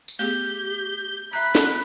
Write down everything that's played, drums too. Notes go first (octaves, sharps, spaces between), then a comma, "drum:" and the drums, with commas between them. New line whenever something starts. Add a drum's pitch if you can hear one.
drum: tambourine
A3 B3 G4 G#4 G6
E5 A#5 B5 F#6
drum: snare